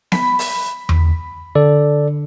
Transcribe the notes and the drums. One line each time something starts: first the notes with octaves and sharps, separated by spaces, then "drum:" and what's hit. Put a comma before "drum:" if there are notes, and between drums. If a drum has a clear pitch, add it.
B5 B6, drum: snare B3
drum: open hi-hat
drum: tom E2
D3 A4 D5